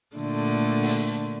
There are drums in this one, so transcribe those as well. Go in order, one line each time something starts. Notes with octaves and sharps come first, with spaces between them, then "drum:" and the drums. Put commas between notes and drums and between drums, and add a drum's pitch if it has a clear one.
A#2 D3 A3
drum: open hi-hat